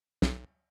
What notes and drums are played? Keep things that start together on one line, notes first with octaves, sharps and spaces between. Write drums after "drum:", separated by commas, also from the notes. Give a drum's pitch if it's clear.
B1, drum: snare